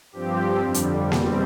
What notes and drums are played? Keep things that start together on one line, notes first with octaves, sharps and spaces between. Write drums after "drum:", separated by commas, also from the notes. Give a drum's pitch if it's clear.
G2 F3 C4 G4
F2 D3 G3
drum: hi-hat
E2 B2 G3 C4, drum: snare A#3